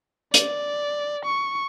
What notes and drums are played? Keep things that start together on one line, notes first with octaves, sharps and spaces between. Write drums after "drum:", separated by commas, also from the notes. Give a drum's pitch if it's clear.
D5, drum: hi-hat
C#6